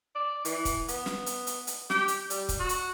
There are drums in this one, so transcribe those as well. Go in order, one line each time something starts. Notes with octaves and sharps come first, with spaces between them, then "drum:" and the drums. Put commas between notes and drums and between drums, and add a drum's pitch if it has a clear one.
D5
E3, drum: hi-hat
drum: kick, hi-hat
B3, drum: hi-hat
drum: snare
drum: hi-hat
drum: hi-hat
drum: hi-hat
G4, drum: snare
drum: hi-hat
G3, drum: hi-hat
drum: kick, hi-hat
F#4
drum: hi-hat